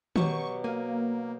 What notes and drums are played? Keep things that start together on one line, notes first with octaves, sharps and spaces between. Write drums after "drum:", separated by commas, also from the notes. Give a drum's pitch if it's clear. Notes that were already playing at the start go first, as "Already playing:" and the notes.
B2 F#3 G4 C#6, drum: tom D#3
A#3 G#5